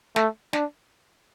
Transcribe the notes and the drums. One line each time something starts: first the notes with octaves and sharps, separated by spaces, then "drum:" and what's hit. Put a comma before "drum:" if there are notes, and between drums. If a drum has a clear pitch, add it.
A3, drum: snare
D4, drum: snare